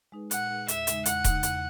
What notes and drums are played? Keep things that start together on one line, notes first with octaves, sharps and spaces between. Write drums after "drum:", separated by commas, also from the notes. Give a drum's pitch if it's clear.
G#3 D#4 G#4 B4
A#2 F#5, drum: hi-hat
G#3 D#4 G#4 B4
E2 E5, drum: hi-hat
C#3 G#3 D#4, drum: hi-hat
E2 F#5, drum: hi-hat
C#3 G#3 D#4, drum: kick D#1, hi-hat
E2, drum: hi-hat